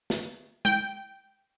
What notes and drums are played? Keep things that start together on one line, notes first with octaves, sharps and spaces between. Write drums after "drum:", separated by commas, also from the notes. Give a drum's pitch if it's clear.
drum: snare
G5, drum: tom